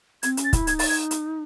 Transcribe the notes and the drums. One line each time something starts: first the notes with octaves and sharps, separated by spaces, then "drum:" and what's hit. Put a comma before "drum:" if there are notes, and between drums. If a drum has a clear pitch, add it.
C4 G#6, drum: hi-hat
C#4, drum: hi-hat
A6
E4, drum: kick, hi-hat
D#4 G#6, drum: hi-hat
A6, drum: open hi-hat
G#6
drum: hi-hat